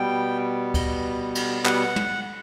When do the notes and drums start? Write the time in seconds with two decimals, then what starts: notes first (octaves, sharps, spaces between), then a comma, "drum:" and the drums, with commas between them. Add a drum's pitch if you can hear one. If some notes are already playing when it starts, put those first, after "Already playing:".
Already playing: B2 G3 B3 G5
0.74 drum: kick D2, cymbal
1.35 drum: cymbal
1.65 F#5, drum: clap
1.96 drum: tom